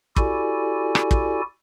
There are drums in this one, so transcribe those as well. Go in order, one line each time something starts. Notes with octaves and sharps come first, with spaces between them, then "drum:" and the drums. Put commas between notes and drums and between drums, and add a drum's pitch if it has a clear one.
E4 F#4 G4 A4 D5 G#5, drum: kick
drum: rim click
drum: kick